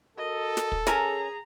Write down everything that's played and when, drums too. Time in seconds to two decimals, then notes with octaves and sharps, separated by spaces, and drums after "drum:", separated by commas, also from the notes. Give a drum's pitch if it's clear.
0.18 F#4 A4 A#4 D#5
0.57 drum: snare
0.72 drum: kick
0.87 C#4 G#4 A#4 G#5 A#5, drum: snare